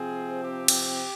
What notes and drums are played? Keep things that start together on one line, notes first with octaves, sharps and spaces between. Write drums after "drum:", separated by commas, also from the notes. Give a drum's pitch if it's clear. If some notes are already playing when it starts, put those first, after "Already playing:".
Already playing: C3 F3 C4 G#4
G4
drum: cymbal